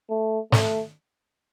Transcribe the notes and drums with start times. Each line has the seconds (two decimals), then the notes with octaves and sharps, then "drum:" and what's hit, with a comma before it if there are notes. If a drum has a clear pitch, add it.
0.10 A3
0.52 A3, drum: snare